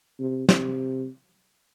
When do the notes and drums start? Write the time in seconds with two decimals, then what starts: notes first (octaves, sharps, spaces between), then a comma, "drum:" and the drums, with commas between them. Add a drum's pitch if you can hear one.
0.20 C3
0.49 C3, drum: snare